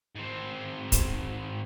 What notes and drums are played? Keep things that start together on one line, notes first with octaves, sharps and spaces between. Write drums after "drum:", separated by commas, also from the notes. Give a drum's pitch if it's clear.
G#2 C4
drum: kick, hi-hat